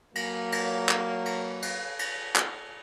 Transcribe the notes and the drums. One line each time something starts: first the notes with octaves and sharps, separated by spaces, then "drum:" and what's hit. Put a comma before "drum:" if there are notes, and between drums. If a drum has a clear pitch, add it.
F#3 A#3, drum: cymbal
drum: cymbal
drum: clap
drum: cymbal
drum: cymbal
drum: cymbal
drum: clap